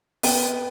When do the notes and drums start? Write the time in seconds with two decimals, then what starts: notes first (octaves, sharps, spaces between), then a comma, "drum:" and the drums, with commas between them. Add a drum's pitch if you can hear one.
0.23 B3 G5, drum: open hi-hat